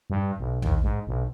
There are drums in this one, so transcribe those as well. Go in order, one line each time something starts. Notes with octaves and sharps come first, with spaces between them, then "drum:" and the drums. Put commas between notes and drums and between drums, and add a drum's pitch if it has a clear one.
G2
B1
D#2, drum: tom A#1
G#2
B1